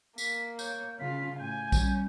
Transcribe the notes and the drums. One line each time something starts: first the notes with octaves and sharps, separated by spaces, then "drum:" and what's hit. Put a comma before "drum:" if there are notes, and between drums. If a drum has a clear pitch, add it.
A#3 B6, drum: tambourine
C#5 G6, drum: tambourine
C#3 F4 F5 B6
A2 G#5 G6
G3 C#4, drum: kick A#1, tambourine